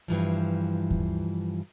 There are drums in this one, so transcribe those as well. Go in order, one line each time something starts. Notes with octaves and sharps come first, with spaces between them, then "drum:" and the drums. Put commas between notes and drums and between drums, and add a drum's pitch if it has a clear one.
G2 E3 F3
drum: kick D2